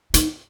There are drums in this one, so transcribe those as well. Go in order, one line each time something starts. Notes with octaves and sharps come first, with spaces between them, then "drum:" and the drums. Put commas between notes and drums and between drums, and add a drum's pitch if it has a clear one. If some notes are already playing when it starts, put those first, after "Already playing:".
D#4, drum: hi-hat